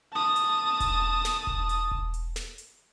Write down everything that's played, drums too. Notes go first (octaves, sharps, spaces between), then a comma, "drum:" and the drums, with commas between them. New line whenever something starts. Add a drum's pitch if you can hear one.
A5 D#6
drum: hi-hat
drum: kick E1, hi-hat
drum: snare
drum: kick E1
drum: hi-hat
drum: kick E1
drum: hi-hat
drum: snare
drum: hi-hat